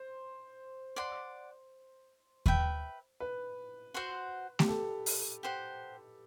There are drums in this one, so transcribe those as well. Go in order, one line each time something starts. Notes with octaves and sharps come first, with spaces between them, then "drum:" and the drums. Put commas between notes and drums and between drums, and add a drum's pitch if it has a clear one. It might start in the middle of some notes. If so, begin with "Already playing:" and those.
Already playing: C5
D5 F#5 C6
B4 E5 G5, drum: kick D#2
B4
F#4 C5 F#5 C6
G4, drum: snare A3
A4
drum: open hi-hat
G4 C5 F#5